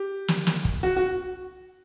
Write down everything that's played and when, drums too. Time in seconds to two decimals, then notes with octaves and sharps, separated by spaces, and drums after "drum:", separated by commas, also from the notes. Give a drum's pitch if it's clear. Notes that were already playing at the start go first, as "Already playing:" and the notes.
Already playing: G4
0.28 drum: snare
0.47 drum: snare
0.65 drum: kick
0.83 F#4
0.97 F#4